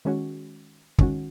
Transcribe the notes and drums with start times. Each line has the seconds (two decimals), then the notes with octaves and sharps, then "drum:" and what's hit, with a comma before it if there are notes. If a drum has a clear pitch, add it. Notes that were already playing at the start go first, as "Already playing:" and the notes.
0.05 D#3 G#3 C#4 F#4
0.98 D#3 G#3 C#4 F#4, drum: kick